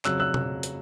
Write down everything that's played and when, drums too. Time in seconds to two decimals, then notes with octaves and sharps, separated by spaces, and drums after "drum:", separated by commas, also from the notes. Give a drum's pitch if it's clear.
0.05 F2 C#3 F#3 E6 F#6, drum: clap
0.20 E6 F#6
0.34 drum: tom B2
0.63 drum: hi-hat